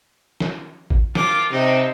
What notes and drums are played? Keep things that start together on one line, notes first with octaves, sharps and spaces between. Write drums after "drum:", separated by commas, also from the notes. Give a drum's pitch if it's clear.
drum: snare
drum: kick G#1
D#3 F3 F4 D6, drum: snare
C3 F3 B3 C4 D#4